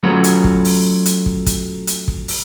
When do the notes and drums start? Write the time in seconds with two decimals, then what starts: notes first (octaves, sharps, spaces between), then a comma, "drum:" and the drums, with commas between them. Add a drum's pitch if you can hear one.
0.03 F#3 A3 C#4 F4 F#4 B4
0.24 drum: hi-hat
0.44 drum: kick
0.65 drum: open hi-hat
1.05 drum: hi-hat
1.26 drum: kick
1.46 drum: kick, hi-hat
1.87 drum: hi-hat
2.08 drum: kick
2.28 drum: open hi-hat